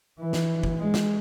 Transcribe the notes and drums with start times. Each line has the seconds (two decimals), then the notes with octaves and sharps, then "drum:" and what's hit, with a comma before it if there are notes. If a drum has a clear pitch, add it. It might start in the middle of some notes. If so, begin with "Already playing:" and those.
0.20 E3
0.33 drum: snare
0.63 drum: kick
0.79 G#3
0.94 drum: snare